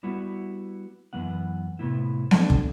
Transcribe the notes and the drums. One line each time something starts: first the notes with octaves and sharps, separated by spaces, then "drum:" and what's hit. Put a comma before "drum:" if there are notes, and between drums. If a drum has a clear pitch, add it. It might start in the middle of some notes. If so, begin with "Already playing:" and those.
G3 B3 E4 F#4
F#2 E3 B3 F#5
A2 C3 B3 E4
G#3 C4 D4 A4, drum: snare B3
drum: kick